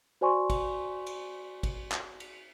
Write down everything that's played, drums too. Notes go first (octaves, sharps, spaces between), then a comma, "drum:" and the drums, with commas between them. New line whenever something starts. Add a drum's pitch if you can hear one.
F#4 C5 D5 G#5 C6 C#6
drum: kick G#1, cymbal
drum: cymbal
drum: kick G#1, cymbal
drum: clap
drum: cymbal